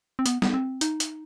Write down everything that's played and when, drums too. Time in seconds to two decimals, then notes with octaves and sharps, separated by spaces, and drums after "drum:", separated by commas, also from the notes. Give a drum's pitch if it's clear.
0.19 C4
0.26 B3, drum: hi-hat
0.42 B3, drum: snare
0.54 C4
0.81 D#4, drum: hi-hat
1.00 drum: hi-hat